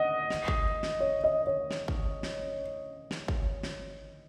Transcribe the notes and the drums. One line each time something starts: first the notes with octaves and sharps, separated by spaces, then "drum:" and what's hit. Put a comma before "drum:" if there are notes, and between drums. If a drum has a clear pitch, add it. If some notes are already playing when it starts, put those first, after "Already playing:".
Already playing: D#5 F#5
drum: snare
drum: kick
drum: snare
C#5
D#5
C#5
drum: snare
drum: kick
drum: snare
drum: snare
drum: kick
drum: snare